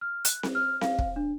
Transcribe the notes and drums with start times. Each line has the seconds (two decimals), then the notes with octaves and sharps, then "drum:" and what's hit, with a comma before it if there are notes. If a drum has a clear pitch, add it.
0.01 F6
0.25 F#6, drum: hi-hat
0.43 drum: snare C4
0.55 F6
0.81 F5, drum: snare C4
0.99 drum: kick
1.16 D4